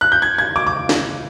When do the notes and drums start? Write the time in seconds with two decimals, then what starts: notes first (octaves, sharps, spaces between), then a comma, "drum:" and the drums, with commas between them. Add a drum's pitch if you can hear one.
0.01 F#6
0.12 G6
0.22 G#6
0.38 G#6
0.56 D6
0.67 D6
0.89 drum: snare